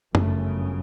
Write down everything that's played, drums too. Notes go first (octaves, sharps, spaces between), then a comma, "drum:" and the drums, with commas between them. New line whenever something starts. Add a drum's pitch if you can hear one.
G1 F#2 C#3 A3, drum: tom F#2